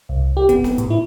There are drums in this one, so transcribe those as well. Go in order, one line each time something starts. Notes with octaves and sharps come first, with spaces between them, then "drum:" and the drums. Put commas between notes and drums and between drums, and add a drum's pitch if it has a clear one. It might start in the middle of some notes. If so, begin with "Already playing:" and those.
C2
G4
B3, drum: kick, hi-hat
drum: snare
A2, drum: hi-hat
E4